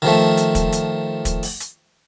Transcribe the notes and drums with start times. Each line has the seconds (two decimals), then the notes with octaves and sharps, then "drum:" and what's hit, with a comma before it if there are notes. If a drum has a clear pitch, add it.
0.02 D#3 F3 A3
0.37 drum: hi-hat
0.55 drum: kick, hi-hat
0.72 drum: hi-hat
1.25 drum: kick, hi-hat
1.43 drum: open hi-hat
1.60 drum: hi-hat